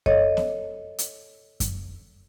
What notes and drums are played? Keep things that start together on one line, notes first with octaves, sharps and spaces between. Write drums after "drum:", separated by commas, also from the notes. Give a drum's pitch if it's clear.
A4 C#5 D#5, drum: kick F#2
drum: snare B3
drum: hi-hat
drum: kick F#2, hi-hat